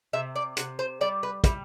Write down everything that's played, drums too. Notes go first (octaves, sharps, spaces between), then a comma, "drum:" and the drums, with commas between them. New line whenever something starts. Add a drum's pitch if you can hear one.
C3 E5
D5
C3 F#5, drum: hi-hat
C5
G3 D5
B4
G3 E4, drum: kick, hi-hat